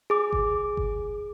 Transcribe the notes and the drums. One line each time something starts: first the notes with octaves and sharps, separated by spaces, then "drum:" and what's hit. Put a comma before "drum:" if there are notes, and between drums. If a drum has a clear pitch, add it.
G#4 D6
drum: kick G1
drum: kick G1